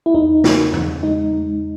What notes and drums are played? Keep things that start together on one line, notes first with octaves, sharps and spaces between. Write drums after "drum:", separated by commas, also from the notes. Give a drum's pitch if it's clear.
E4
E2 D#4
C#3, drum: snare
E2, drum: tom E2
G#3 D#4
G#3